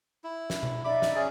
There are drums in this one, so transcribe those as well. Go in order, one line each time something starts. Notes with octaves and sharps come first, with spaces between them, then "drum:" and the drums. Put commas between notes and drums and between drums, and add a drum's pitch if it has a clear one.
E4
drum: snare
drum: tom B2
D#4 D5 E5 B5 D6
drum: snare
C#4 G#4